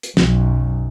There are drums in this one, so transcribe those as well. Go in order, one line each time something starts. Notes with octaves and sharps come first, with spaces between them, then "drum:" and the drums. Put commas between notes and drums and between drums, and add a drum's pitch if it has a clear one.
drum: hi-hat
B1 F#2, drum: snare